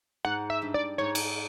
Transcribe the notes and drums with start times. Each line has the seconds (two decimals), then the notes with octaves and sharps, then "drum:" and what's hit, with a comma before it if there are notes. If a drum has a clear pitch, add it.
0.25 G#2 F#5
0.50 E5
0.62 G2
0.74 D5
0.98 G#2 C#5
1.15 drum: cymbal